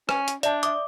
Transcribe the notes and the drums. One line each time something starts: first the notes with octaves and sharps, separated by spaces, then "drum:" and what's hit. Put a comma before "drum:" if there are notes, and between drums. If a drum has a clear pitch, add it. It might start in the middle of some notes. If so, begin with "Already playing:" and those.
C#4, drum: rim click
drum: hi-hat
D4 D5 E5 A5, drum: hi-hat
E5 D6 D#6, drum: hi-hat